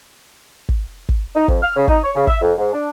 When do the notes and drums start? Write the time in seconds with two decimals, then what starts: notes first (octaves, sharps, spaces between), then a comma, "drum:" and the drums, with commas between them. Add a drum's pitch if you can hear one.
0.69 drum: kick
1.09 drum: kick
1.35 D#4
1.48 F2, drum: kick
1.62 F6
1.76 C#3
1.88 D#4, drum: kick
2.02 C#5
2.15 C#3
2.27 E5, drum: kick
2.42 F2
2.58 G#2
2.72 D4